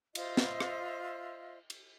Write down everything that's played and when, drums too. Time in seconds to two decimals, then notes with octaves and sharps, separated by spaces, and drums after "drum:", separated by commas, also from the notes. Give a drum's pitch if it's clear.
0.15 F4 C5 D#5 E5, drum: cymbal
0.37 drum: snare
0.60 drum: rim click
1.70 drum: cymbal